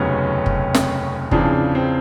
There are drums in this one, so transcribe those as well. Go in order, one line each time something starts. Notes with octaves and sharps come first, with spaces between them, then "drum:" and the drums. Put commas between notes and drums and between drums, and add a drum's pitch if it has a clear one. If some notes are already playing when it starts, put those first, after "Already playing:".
Already playing: F1 D#2 C#3 F#3 B3 C#4
drum: kick
drum: snare
E2 C#3 F3 C4 D4, drum: kick
C4